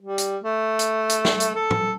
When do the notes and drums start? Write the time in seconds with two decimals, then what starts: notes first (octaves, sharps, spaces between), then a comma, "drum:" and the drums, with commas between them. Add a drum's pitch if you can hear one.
0.02 G3
0.18 drum: hi-hat
0.44 A3
0.79 drum: hi-hat
1.10 drum: hi-hat
1.25 drum: snare
1.40 drum: hi-hat
1.55 A4
1.71 drum: tom